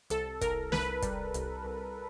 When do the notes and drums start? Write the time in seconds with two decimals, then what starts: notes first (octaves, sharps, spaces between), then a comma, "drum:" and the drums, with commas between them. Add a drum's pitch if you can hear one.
0.10 C2 A4, drum: hi-hat
0.41 C2 A#4, drum: kick, hi-hat
0.72 C2 B4, drum: snare
1.02 G3, drum: kick, hi-hat
1.34 C2, drum: hi-hat
1.65 C2